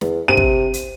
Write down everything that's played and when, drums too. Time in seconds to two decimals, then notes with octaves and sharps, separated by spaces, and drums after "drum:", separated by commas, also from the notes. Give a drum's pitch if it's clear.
0.01 E2, drum: snare
0.28 C3 D#7
0.37 drum: kick
0.74 drum: hi-hat